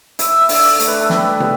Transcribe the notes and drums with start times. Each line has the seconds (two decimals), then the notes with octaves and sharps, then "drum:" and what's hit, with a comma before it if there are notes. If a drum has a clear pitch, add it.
0.19 E4 E5, drum: hi-hat
0.41 E5
0.49 D3, drum: open hi-hat
0.65 D5
0.80 A3, drum: hi-hat
0.87 B4
1.01 A4
1.10 G3 B4, drum: snare
1.40 B3, drum: tom